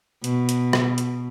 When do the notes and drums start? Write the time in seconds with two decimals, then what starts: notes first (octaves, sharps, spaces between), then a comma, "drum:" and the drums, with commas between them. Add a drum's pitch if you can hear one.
0.24 B2, drum: hi-hat
0.49 drum: hi-hat
0.73 drum: rim click
0.98 drum: hi-hat